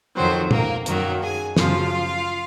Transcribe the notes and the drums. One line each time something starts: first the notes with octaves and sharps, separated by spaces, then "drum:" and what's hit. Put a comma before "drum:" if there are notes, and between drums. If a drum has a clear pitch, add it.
F2 D#3 F#3 C4 C5
A#3 A#4, drum: tom
F#2 D#3 F#3 A#3 A#4, drum: hi-hat
G#4 G#5
F#2 C#3 F3 F4 F5, drum: snare